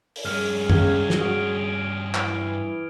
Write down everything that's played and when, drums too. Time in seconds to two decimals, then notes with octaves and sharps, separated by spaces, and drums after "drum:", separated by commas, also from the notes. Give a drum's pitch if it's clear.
0.16 drum: open hi-hat
0.25 G2 C#4 G#4 F6
0.70 C#2 C#3 G#6 G7, drum: tom F#2
1.10 drum: snare
1.21 F#4 D#6 D7
2.15 E3, drum: clap